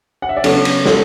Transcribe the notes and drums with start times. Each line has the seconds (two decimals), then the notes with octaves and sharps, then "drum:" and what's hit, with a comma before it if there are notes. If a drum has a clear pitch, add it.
0.22 F#5
0.29 E5
0.37 D5
0.44 C#3 F#3 B3 A4 C#5, drum: cymbal
0.65 drum: cymbal
0.86 A4 C#5, drum: snare